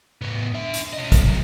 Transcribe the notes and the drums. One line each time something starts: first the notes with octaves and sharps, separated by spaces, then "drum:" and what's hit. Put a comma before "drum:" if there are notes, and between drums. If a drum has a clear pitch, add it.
A2 B3
D4 E5
drum: hi-hat
C#4 D#5
drum: kick, hi-hat
F#2 A3